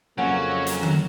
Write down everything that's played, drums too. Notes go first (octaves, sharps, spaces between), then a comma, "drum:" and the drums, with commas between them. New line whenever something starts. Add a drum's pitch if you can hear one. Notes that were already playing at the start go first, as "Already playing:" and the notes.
F2 C#3 F#3 A#3 C#4 F#5
drum: hi-hat
drum: tom D3